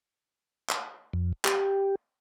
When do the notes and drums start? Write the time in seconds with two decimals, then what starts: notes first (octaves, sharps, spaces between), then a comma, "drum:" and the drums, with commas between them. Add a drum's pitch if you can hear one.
0.69 drum: clap
1.13 F2
1.45 G4, drum: clap